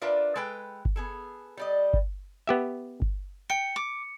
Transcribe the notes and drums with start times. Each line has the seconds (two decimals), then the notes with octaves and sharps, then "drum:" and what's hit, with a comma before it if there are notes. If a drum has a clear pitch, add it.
0.01 D4 F4 A#4 B4 D5 E5
0.36 G#3 A4 B4 G5
0.85 drum: kick G1
0.96 B3 G#4 A4
1.57 G3 D5 D#5
1.94 drum: kick G1
2.47 B3 G4 E5
3.02 drum: kick G1
3.50 G5 C#7
3.76 D6